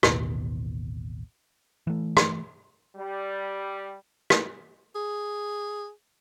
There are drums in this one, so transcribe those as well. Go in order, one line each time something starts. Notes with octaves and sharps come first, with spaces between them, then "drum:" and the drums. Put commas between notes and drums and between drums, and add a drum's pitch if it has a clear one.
A1 D#2 B2, drum: rim click
E3 A3
drum: rim click
G3
drum: rim click
G#4